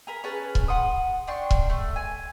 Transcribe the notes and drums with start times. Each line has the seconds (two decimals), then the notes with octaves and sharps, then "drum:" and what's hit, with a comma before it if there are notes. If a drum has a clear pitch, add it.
0.07 G#4 A#4 B5
0.24 C#4 G#4 B4 A5
0.55 drum: kick C#1
0.68 F#5 C6 D#6
1.27 D4 G5 C6 C#6
1.51 drum: kick C#1
1.70 A3
1.96 G#5